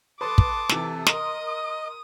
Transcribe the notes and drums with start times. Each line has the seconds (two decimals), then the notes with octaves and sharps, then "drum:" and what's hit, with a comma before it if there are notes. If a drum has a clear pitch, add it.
0.21 A4 B4 A5 C6 D6 D#6
0.38 drum: kick
0.69 C3 E3 A4, drum: snare
1.07 A#4 D#5 C6 D#6, drum: snare